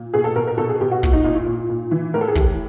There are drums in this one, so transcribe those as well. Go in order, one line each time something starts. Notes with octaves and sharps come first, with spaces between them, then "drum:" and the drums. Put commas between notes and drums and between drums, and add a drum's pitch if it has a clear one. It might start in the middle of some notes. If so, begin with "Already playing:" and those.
Already playing: A#2
B2 G#4
A4
B2 A#4
A#4
B2 A4
G#4
B2 G4
F#4
A#2, drum: kick
D#4
A#2 D#4
E4
A#2
A#2
E3
A2 A#4
A4
G#4
E3 G4, drum: kick